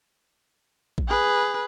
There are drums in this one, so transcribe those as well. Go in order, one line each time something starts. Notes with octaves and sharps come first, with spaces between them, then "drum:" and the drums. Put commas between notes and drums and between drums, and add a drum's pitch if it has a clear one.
drum: kick A1
G#4 B4